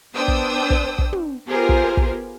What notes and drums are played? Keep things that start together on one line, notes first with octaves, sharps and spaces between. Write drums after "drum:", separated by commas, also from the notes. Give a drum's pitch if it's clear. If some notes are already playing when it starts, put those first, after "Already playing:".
B3 D4 C5 G5 D#6 E6
drum: kick
drum: kick
drum: kick
drum: tom
B3 F4 G4 G#4 A#4 C5
drum: kick
drum: kick